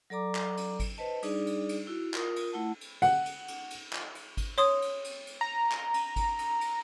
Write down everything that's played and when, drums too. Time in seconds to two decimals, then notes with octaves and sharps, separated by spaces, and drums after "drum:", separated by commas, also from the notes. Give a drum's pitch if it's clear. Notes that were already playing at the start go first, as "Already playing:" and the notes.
0.10 F#3 A4 D5 A#5 D6
0.35 drum: clap
0.57 drum: cymbal
0.80 drum: kick G#1, cymbal
0.98 B4 C5 D#5 A5
1.23 G3 D4 D#4 G#4 D5, drum: cymbal
1.47 drum: cymbal
1.69 drum: cymbal
1.87 E4 F#4
2.14 F4 A#4 D#6, drum: clap
2.36 drum: cymbal
2.53 A3 E4 F#5 A5
2.81 drum: cymbal
3.02 F#5, drum: cymbal
3.26 drum: cymbal
3.48 drum: cymbal
3.70 drum: cymbal
3.93 drum: clap
4.15 drum: cymbal
4.37 drum: kick G#1, cymbal
4.58 C#5 C6 D#6, drum: cymbal
4.82 drum: cymbal
5.04 drum: cymbal
5.27 drum: cymbal
5.41 A#5
5.72 drum: clap
5.94 drum: cymbal
6.16 drum: kick G#1, cymbal
6.39 drum: cymbal
6.61 drum: cymbal